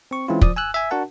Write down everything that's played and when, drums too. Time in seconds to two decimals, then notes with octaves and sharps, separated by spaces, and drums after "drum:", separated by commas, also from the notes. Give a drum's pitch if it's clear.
0.11 C4 C#6
0.28 E3 G#3 C4 C#4 E4 F4
0.41 F3 D5 D#6, drum: kick
0.56 G#5 E6 F#6
0.74 E5 G#5
0.91 D4 F#4 A#4 F#5 A5